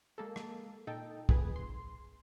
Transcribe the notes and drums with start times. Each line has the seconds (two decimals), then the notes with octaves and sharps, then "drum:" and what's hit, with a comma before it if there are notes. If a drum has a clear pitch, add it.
0.18 G#3 A#3 A4
0.36 drum: rim click
0.87 A#2 D#4 A4 G5
1.29 F2 G#2 G#4 B4, drum: kick
1.56 C6